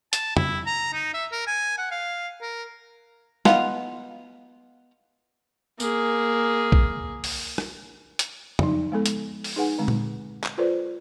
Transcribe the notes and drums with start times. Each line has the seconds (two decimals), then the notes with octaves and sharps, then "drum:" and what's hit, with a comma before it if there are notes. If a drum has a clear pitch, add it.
0.13 A5, drum: hi-hat
0.37 E4, drum: tom
0.66 A#5
0.93 D#4
1.14 E5
1.32 A#4
1.47 G#5
1.78 F#5
1.91 F5
2.41 A#4
3.45 B3 D#4 F4, drum: snare
5.80 A#3 G#4, drum: tambourine
6.72 drum: kick A#1
7.24 drum: open hi-hat
7.58 drum: rim click
8.19 drum: hi-hat
8.59 F3 D#4, drum: tom
8.92 G#3 B3 A4
9.06 drum: hi-hat
9.44 drum: open hi-hat
9.56 D#4 G#4 B4 F#5 G#5
9.78 D3 G#3 C4
9.88 drum: tom A#2
10.44 drum: clap
10.58 F4 A4 B4 C5 D5